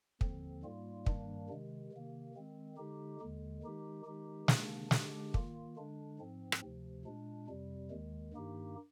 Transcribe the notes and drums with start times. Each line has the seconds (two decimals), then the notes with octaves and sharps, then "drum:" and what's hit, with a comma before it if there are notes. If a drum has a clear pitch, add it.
0.21 D#2 D3 F3 C4, drum: kick
0.63 G#2 G3 A#3 F4
1.06 G2 D#3 G3 A#3 D4, drum: kick
1.49 C3 D#3 G#3
1.92 C3 D#3 A#3
2.35 D#3 G#3 C4
2.77 D3 G#3 D#4 G4
3.20 D#2 D3 G#3
3.63 D#3 G#3 D#4 G4
4.05 D#3 G#3 D#4 G4
4.48 C3 D#3 A#3 D4, drum: snare
4.91 D3 G#3 D4 G4, drum: snare
5.34 D#3 A#3 F4, drum: kick
5.76 D3 G#3 D4
6.19 G#2 F3 C4
6.52 drum: rim click
6.62 D2 C3 F3
7.05 A#2 G#3 D4
7.47 F2 C3 G3
7.91 D#2 D#3 G#3
8.33 G2 D#3 A#3 D#4 G4